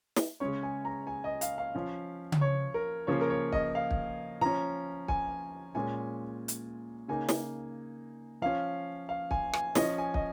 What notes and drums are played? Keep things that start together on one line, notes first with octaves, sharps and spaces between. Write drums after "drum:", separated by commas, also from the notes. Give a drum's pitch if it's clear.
drum: snare
C#3 G#3 C#4 C#5
G#5
A#5
G#5
D#5
F5, drum: hi-hat
F5
F3 C#4
drum: tom C#3
C#5
A#4
C#3 F3 A#3 C#4 C#5
A#4
C#5
D#5, drum: kick
F5
drum: kick
F3 C#4 A#5
G#5, drum: kick
A#2 G#3 C#4 G#5
drum: hi-hat
C#3 A#3 D#4 G#5
drum: snare
F3 C#4 F5
F5
G#5, drum: kick
G#5, drum: rim click
F3 C#4 D#5, drum: snare
G#5
D#5, drum: kick